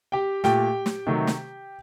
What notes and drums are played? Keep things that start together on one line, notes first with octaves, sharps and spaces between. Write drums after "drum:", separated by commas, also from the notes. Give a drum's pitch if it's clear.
G4 G5
A#2 A3 G4 G5, drum: snare
drum: snare
C3 D#3 F#3 A3
drum: snare